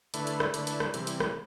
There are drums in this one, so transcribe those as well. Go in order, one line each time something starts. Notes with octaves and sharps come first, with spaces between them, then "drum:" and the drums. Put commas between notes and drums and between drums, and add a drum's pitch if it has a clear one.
D3 A3 E4 B4, drum: hi-hat
drum: hi-hat
drum: rim click
D3 A3 E4 B4, drum: hi-hat
drum: hi-hat
drum: rim click
C3 E3 G3, drum: hi-hat
drum: hi-hat
drum: rim click